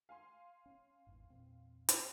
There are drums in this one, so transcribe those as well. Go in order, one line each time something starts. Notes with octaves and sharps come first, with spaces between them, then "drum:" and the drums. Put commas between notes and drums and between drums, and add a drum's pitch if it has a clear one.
F5 G#5 C6
C#4
G#1 E2 G#2
E2 A#2 C4
drum: hi-hat